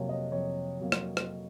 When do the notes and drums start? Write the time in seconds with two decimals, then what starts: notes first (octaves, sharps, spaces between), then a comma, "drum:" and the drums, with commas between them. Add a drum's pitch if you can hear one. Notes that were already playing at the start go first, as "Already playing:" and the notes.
Already playing: F2 C3 F#3 A#3 C#5
0.09 D#5
0.32 F2 C#5
0.80 C3 F#3 A#3
0.92 drum: rim click
1.17 drum: rim click